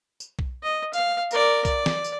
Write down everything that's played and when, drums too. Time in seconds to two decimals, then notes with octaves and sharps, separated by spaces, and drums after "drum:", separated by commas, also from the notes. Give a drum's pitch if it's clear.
0.20 drum: tambourine
0.39 drum: kick B1
0.63 D#5
0.93 F5, drum: tambourine
1.31 A#4 D5, drum: tambourine
1.65 D5, drum: kick B1, tambourine
1.86 drum: snare
2.04 drum: tambourine